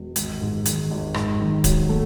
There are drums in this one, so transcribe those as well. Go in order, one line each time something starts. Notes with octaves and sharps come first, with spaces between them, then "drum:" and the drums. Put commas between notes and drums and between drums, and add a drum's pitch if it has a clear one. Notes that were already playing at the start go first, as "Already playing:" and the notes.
Already playing: E1
G#1, drum: hi-hat
G#2
D#3, drum: hi-hat
G#1
G#2, drum: rim click
D#3
F#3, drum: kick D1, hi-hat
A3